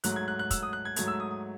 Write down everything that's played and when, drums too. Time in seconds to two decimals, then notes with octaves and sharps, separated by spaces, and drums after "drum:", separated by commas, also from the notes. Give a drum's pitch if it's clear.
0.04 G#2 F#3 A3 F#6, drum: hi-hat
0.16 G#6
0.28 F#6
0.39 F#6
0.51 E6, drum: kick, hi-hat
0.63 D#6
0.73 F#6
0.85 G#6
0.96 G#2 F#3 A3 G#6, drum: hi-hat
1.08 E6
1.20 D#6
1.31 D#6